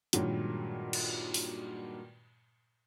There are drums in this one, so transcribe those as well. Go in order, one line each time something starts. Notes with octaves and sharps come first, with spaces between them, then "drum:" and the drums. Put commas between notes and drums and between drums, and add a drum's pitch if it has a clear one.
G2 A#2 D#3 F#3 G#3, drum: hi-hat
drum: cymbal
drum: open hi-hat